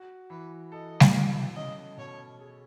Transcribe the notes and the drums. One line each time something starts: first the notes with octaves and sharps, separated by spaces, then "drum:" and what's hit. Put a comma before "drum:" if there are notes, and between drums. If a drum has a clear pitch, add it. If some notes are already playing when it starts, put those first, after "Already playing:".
Already playing: F#4
E3 B4
A4 D#5
drum: snare
B3
C#4 D#5
B2 C#5
G#4